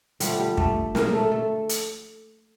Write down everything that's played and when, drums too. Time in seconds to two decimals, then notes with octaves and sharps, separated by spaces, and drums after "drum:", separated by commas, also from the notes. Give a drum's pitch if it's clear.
0.20 D3 F3 G3 A3 G4, drum: hi-hat
0.39 G3 G4
0.57 A3 A4, drum: kick
0.95 A#3 A#4, drum: snare
1.13 A3 A4
1.31 A3 A4
1.69 drum: hi-hat